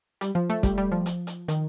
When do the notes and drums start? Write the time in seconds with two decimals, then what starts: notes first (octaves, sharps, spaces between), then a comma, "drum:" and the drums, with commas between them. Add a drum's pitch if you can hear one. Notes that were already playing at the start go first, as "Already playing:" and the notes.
0.21 G3, drum: hi-hat
0.35 F3
0.50 A3
0.63 G3, drum: kick, hi-hat
0.78 G3
0.92 F3
1.06 drum: hi-hat
1.27 drum: hi-hat
1.48 D#3, drum: hi-hat